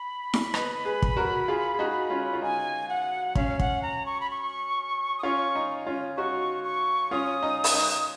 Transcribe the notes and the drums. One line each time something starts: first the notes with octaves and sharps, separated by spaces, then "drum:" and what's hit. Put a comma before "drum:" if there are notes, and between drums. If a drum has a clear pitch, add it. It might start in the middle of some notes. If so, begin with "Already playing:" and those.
Already playing: B5
drum: snare
B4 D#5, drum: rim click
G#4 B4
drum: kick
F#4 A#4
F4 G#4
G#4
D#4 F#4
C#4 F4
F4
D#4 G#5
F#5
C#4 F5, drum: kick
F#5, drum: kick
A#5
C#6
B5
C#6
D#6
C#4 F4 C#6
D#4
C#4 F4
D#4 F#4 C#6
C#6
C#4 F4 D#6
D#4
drum: open hi-hat
D#4